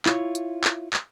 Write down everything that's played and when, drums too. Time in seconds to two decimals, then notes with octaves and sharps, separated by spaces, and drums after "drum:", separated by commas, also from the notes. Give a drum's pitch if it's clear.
0.06 E4 F4 C#5, drum: clap
0.35 drum: hi-hat
0.64 drum: clap
0.93 drum: clap